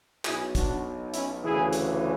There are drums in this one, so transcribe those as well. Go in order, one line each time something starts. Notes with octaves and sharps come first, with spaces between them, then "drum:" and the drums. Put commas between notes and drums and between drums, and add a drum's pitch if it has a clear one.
B1 B2 E4 G#4, drum: clap
D4 F#4, drum: kick, hi-hat
C#4 E4, drum: hi-hat
D2 C#3 E3 E4 G#4
drum: hi-hat